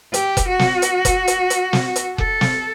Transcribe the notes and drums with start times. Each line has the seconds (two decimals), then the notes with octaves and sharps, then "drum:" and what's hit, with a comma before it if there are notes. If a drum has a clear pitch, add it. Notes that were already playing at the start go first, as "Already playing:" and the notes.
0.14 G4, drum: hi-hat
0.37 drum: kick F1, hi-hat
0.48 F#4
0.59 drum: snare
0.82 drum: hi-hat
1.05 drum: kick F1, hi-hat
1.27 drum: hi-hat
1.50 drum: hi-hat
1.73 drum: snare
1.96 drum: hi-hat
2.18 A4, drum: kick F1
2.41 drum: snare